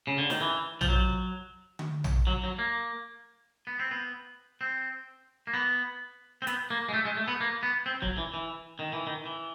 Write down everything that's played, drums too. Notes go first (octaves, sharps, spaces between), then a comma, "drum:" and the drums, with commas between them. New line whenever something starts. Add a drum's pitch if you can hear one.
C#3
D3
D#3, drum: snare
E3
F3, drum: tom A#1
F#3
drum: tom D3
drum: tom A#1
F#3
F#3
A#3
B3
C4
B3
C4
A#3
B3
C4
B3, drum: hi-hat
A#3
G#3
A3
G#3
A3
B3
A#3
B3
C4
F#3, drum: kick
E3
E3
D#3
E3
D#3
E3